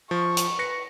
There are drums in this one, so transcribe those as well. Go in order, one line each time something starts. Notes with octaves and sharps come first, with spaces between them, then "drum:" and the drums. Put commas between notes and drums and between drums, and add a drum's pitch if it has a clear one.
F3 C#6
drum: hi-hat
B4 A#6 C#7